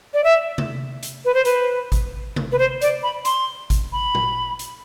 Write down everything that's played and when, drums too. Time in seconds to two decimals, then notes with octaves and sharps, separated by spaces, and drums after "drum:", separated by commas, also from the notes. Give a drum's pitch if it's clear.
0.14 D5
0.24 E5
0.58 drum: tom C3
1.03 drum: hi-hat
1.25 B4
1.34 C5
1.45 B4, drum: hi-hat
1.92 drum: kick G#1, hi-hat
2.36 drum: tom C3
2.52 B4
2.59 C5
2.82 D5, drum: hi-hat
3.03 B5
3.25 C6, drum: hi-hat
3.70 drum: kick G#1, hi-hat
3.93 B5
4.15 drum: tom A#2
4.59 drum: hi-hat